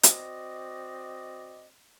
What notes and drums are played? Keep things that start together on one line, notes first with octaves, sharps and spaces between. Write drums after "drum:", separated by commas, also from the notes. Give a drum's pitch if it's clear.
C4 F#4 D5 D#5, drum: hi-hat